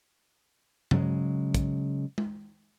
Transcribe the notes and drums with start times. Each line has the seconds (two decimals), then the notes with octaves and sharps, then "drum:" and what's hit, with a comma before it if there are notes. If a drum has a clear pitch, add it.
0.91 C#3 F#3 G#3, drum: tom G2
1.54 drum: kick, hi-hat
2.18 drum: tom G#3